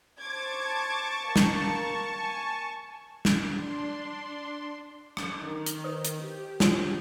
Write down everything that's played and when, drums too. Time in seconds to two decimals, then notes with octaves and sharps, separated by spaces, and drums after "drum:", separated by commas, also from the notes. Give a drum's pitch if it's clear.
0.19 C5 A5 C#6 D6 G#6
1.26 A#3 A#4
1.36 drum: snare
2.15 G#5
3.25 drum: snare
3.53 D4 C6
5.17 drum: rim click
5.40 D#3
5.66 drum: hi-hat
5.84 B4 C5 D#6
6.05 drum: hi-hat
6.25 G4
6.60 F4 C5 C#5, drum: snare